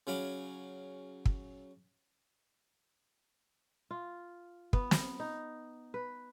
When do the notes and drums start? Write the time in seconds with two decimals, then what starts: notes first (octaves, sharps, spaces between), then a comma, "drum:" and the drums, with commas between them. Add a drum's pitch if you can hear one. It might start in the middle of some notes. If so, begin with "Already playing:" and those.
0.07 C#3 F#3 F5 B5 D6
1.26 drum: kick
3.91 F4
4.73 B3, drum: kick
4.91 drum: snare
5.19 D#4
5.94 B4